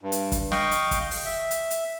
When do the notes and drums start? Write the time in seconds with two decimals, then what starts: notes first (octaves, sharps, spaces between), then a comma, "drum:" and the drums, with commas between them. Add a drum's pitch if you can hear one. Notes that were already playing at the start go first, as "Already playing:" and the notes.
0.01 G2
0.12 drum: hi-hat
0.32 drum: kick, hi-hat
0.52 D#5 F5 G5 C#6, drum: snare
0.71 drum: hi-hat
0.91 drum: kick, hi-hat
1.11 drum: open hi-hat
1.25 E5
1.51 drum: hi-hat
1.71 drum: hi-hat